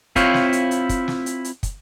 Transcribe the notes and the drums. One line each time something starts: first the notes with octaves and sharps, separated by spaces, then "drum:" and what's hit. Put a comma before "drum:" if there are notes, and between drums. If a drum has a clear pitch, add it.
C4 E4 F4 C5 C#5 F5, drum: kick, hi-hat
drum: snare
drum: hi-hat
drum: hi-hat
drum: kick, hi-hat
drum: snare
drum: hi-hat
drum: hi-hat
drum: kick, hi-hat